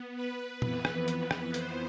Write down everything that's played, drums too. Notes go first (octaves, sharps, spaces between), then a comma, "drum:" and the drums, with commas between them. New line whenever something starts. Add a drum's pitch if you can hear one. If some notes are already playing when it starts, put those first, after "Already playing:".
Already playing: B3
B4
F2 E3 B3, drum: tom
drum: rim click
drum: hi-hat
drum: rim click
C5, drum: hi-hat